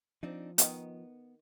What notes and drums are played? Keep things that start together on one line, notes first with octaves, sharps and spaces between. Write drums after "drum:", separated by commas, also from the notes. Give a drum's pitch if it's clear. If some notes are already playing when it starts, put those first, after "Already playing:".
F3 C4 D4 D#4
D#3 E3 B3 D#4, drum: hi-hat